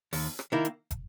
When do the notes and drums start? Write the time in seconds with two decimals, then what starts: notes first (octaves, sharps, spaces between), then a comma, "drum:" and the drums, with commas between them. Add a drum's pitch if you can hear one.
0.13 D#2, drum: open hi-hat
0.39 drum: rim click
0.52 D#3 A#3 E4
0.65 drum: hi-hat
0.91 drum: kick, hi-hat